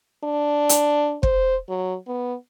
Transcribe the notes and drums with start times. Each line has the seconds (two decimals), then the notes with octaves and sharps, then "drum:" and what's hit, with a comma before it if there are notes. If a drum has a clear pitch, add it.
0.24 D4
0.69 drum: hi-hat
1.23 C5, drum: kick
1.69 F#3
2.07 B3